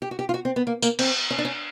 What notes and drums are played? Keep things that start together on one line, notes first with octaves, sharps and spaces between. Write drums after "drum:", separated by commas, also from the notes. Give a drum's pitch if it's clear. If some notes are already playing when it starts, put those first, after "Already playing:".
G4
F#4
G4
F4
F#4
C4
B3
A#3
A#3, drum: tambourine
C4, drum: cymbal
C#4
D4
C#4